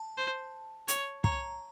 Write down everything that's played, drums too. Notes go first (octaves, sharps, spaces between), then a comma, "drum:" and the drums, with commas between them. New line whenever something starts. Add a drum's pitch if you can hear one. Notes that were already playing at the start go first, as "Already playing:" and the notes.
Already playing: A5
C5
C#5, drum: hi-hat
C#5 A#5, drum: kick